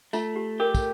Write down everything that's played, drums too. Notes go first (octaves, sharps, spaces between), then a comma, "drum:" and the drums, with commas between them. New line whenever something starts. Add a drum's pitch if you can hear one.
A3 F4, drum: tambourine
G4
G4 A#4
drum: kick, tambourine